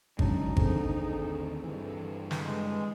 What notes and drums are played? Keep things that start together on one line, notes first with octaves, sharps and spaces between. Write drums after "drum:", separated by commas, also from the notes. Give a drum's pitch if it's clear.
D3 F#3 G#3 C#4 D#4 A5, drum: kick G#1
D#2 D3 C4 D4 G#4 A4, drum: kick G#1
G2 E3
drum: snare
G#3